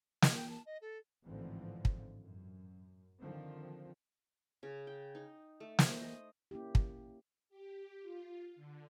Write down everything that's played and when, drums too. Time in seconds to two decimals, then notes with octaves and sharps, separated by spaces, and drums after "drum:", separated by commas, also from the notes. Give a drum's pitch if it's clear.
0.22 D#5, drum: snare
0.35 G5
0.50 A5
0.66 D#5
0.81 A4
1.26 A1 G#2 D3 E3 F3 C4
1.85 drum: kick
2.20 F#2
3.21 D3 D#3 F3 C4
4.63 C#3
4.87 G5
5.15 D#4
5.60 A3
5.79 C5, drum: snare
6.02 D#5
6.51 A#3 C#4 E4 G4
6.75 drum: kick
7.49 G4
8.02 F4
8.56 D3